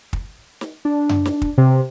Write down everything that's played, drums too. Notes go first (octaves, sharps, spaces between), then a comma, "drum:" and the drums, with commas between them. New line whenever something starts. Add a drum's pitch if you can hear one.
drum: kick
drum: snare
D4
drum: tom F#2
drum: snare
drum: kick
C3